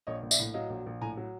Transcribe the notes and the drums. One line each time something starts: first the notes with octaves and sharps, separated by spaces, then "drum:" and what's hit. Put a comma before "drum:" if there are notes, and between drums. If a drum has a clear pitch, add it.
A#1 C#5 D#5
A#1
D5 E5, drum: tambourine
A2
F#3 D#5 F5
A#1
A#1
A2 G#5 A#5
F#3